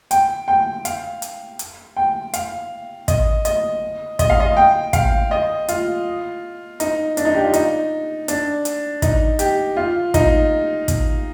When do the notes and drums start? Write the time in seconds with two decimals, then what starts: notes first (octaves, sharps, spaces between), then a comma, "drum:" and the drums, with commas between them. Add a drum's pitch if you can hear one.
0.11 G5, drum: hi-hat
0.48 G5
0.85 F5, drum: hi-hat
1.22 drum: hi-hat
1.59 drum: hi-hat
1.97 G5
2.34 F5, drum: hi-hat
3.08 D#5, drum: kick, hi-hat
3.45 D#5, drum: hi-hat
4.19 D#5, drum: kick, hi-hat
4.30 F5
4.40 D#5
4.57 G5
4.93 F5, drum: kick, hi-hat
5.31 D#5
5.68 F4, drum: hi-hat
6.80 D#4, drum: hi-hat
7.17 D4, drum: hi-hat
7.25 D#4
7.35 G4
7.44 F4
7.54 D#4, drum: hi-hat
8.28 D4, drum: hi-hat
8.65 drum: hi-hat
9.02 D#4, drum: kick, hi-hat
9.39 G4, drum: hi-hat
9.77 F4
10.14 D#4, drum: kick, hi-hat
10.88 drum: kick, hi-hat